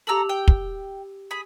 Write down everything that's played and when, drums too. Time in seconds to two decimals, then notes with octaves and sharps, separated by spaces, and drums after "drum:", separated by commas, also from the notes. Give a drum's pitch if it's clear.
0.07 G4 A4 A#5 E6 F#7
0.29 G5
0.48 drum: kick
1.31 G#4 B5